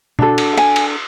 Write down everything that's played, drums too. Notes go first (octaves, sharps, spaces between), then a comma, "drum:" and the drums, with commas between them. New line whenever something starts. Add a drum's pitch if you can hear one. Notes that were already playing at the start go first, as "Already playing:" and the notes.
D4 F#4 A4, drum: tom
drum: cymbal
G#5, drum: cymbal
drum: cymbal